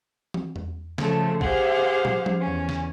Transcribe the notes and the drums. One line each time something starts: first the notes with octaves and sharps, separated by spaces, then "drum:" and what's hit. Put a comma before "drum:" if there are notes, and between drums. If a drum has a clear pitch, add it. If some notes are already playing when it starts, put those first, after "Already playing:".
drum: tom
drum: tom E2
C#3 F3 A3 A4, drum: snare
G4 G#4 C5 F5 F#5, drum: kick
drum: tom
drum: tom F3
E2 C#4
drum: snare